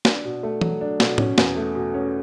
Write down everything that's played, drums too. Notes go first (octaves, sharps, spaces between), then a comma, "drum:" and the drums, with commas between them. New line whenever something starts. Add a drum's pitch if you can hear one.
D4, drum: snare
B2
A3
F#3, drum: tom
D4
B2, drum: snare
C#4, drum: tom
E2, drum: snare
A3
B2
C#4